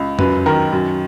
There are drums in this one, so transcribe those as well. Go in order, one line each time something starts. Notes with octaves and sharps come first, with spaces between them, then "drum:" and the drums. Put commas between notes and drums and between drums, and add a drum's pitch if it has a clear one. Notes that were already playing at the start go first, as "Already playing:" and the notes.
Already playing: C#2
F#2 B4, drum: tom F2
D#3 A#4
F#2